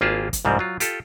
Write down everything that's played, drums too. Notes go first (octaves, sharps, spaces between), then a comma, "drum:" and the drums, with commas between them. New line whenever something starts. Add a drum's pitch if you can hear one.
G#1 A#3 F4 G4 G#4 A5
drum: kick, hi-hat
C2 G#2 F3 G3 C4
F#3 F4
F4 G4 A4, drum: hi-hat